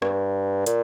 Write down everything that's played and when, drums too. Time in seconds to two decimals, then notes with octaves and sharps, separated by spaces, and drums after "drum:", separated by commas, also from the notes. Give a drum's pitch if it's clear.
0.02 G2, drum: rim click
0.66 A#2, drum: hi-hat